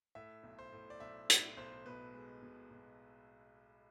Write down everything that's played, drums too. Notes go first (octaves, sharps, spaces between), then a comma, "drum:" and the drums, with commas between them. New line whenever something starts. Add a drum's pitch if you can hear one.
A2 E5
B1
C5
A2
D5
B1 E5
A2, drum: hi-hat
B1 C5
B2 B4
G#3
B2
B2